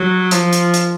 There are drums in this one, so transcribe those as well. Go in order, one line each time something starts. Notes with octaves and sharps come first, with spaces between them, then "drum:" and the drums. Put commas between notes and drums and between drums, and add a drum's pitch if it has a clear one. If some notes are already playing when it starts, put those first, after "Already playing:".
Already playing: F#3
F3, drum: hi-hat
drum: hi-hat
drum: hi-hat